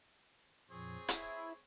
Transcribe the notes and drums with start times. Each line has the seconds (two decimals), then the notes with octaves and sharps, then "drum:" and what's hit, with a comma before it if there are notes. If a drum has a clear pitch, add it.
0.70 F2 A#2 F3 C4 G#4 C#5
1.08 E4 B5 G#6, drum: hi-hat